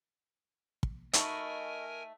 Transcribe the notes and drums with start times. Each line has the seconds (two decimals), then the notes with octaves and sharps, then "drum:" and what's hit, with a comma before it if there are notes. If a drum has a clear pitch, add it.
0.83 drum: kick
1.13 A3 D#4 F#4 A#4 D#5 G#5 B5 C#6, drum: hi-hat